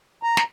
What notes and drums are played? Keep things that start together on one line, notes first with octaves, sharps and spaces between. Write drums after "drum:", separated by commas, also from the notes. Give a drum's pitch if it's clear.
A#5
drum: snare